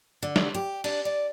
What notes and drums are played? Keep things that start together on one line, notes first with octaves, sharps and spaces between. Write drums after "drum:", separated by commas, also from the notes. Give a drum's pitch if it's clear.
D3
drum: snare
G4
D4, drum: open hi-hat
D5